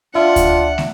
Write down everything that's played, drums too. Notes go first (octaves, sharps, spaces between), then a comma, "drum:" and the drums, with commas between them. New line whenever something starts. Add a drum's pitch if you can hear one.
D4 F4 E5 F#5
drum: kick D2, hi-hat
drum: snare